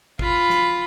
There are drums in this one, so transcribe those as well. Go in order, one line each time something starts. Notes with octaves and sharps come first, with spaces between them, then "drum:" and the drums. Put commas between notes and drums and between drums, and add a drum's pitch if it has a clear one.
F4 B5, drum: kick
drum: snare